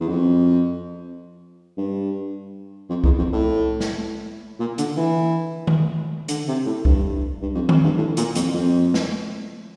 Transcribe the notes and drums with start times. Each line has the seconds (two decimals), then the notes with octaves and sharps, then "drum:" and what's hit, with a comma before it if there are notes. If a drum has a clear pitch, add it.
0.01 E2
0.09 F2
1.77 G2
2.90 F2
3.04 E2, drum: kick C2
3.18 F2
3.33 A2
3.80 drum: snare
4.60 A#2
4.78 D3, drum: hi-hat
4.97 E3
5.67 drum: tom D#3
6.28 D3, drum: hi-hat
6.48 C3
6.66 A2
6.85 G2, drum: kick C2
7.41 G2
7.55 F2
7.69 F2, drum: tom D#3
7.84 G2
7.97 A2
8.17 A#2, drum: hi-hat
8.35 F2, drum: hi-hat
8.54 F2
8.94 drum: snare